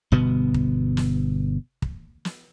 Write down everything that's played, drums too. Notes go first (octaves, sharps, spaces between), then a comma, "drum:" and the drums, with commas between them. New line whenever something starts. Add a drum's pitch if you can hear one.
G1 B2 B3
drum: kick
drum: snare
drum: kick
drum: snare